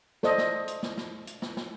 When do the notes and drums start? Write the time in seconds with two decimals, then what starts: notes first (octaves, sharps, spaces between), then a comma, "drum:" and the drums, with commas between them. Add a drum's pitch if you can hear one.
0.23 A4 C5 D5 D#5, drum: snare
0.38 drum: snare
0.68 drum: hi-hat
0.83 drum: snare
0.97 drum: snare
1.27 drum: hi-hat
1.42 drum: snare
1.57 drum: snare